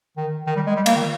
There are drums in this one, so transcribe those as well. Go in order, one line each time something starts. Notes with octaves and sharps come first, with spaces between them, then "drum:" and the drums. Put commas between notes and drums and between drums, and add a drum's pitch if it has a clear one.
D#3
D#3
G3
G#3
G3
A#3, drum: cymbal
D#3